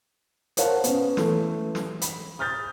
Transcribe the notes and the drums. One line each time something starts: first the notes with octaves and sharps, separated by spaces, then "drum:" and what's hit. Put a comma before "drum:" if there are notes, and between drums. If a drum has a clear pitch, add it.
A#4 C5 C#5 F5 F#5 A5, drum: hi-hat
B3 C#4, drum: hi-hat
E3 A3, drum: snare
drum: snare
B5, drum: hi-hat
D#6 F6 G6 A6